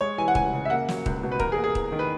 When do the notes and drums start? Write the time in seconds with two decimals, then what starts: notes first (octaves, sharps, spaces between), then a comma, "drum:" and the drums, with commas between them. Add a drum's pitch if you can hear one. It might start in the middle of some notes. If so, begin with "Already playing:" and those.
0.01 G#3 C#5
0.18 E3 G#5
0.28 F#5
0.35 C#2 G#5, drum: kick
0.53 C#3
0.65 E5
0.70 A#3 F#5
0.88 F#3, drum: snare
1.06 C#2, drum: kick
1.23 B2
1.32 B4
1.40 E2 A#4, drum: kick
1.52 G#4
1.58 A#3
1.64 G#4
1.75 E2, drum: kick
1.92 D#3
1.99 B4